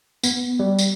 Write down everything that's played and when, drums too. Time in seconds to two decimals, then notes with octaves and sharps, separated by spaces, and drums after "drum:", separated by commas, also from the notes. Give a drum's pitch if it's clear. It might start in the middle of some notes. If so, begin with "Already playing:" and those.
0.24 B3, drum: tambourine
0.59 G3
0.79 drum: tambourine